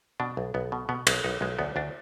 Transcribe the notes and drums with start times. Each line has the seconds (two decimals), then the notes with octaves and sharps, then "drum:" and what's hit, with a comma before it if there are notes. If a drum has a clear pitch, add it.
0.20 B2 D4
0.37 B1
0.54 B1 B3
0.72 B2
0.89 B2 B3
1.07 B1 C4, drum: cymbal
1.24 B1 D#4
1.41 B1 G#3
1.59 D2 B3
1.76 D2 D4